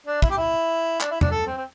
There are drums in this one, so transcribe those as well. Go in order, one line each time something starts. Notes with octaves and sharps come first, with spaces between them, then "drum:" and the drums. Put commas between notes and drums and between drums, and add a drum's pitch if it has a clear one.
D4
E4, drum: kick
G4
E4
D4, drum: clap
E4
D4, drum: tom E2
A4
C4
C4